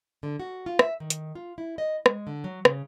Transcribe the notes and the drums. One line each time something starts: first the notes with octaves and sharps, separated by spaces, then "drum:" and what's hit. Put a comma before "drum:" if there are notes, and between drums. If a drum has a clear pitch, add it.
D3
F#4
F4
E5, drum: rim click
D#3
drum: hi-hat
F4
E4
D#5
G#3, drum: rim click
D3
F#3
C#3, drum: rim click